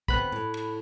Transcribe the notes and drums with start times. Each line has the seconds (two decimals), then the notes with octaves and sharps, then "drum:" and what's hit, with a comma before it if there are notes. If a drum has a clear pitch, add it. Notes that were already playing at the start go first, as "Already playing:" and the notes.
0.08 D2 B3 C4 B5 F#6, drum: kick
0.32 A2
0.54 drum: cymbal